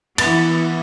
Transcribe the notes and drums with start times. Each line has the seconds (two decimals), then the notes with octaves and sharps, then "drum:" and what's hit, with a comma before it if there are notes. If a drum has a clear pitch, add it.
0.18 E3 B3 A6, drum: cymbal